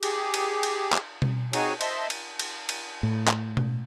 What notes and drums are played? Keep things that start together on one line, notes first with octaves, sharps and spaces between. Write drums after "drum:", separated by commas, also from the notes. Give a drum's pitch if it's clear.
G4 G#4, drum: cymbal
drum: cymbal
drum: cymbal
drum: clap
drum: tom B2
C4 D#4 F#4 G#4 C#5 G#5, drum: cymbal
C5 D#5 E5 A5 C6, drum: cymbal
drum: cymbal
drum: cymbal
drum: cymbal
A2
drum: clap
drum: tom B2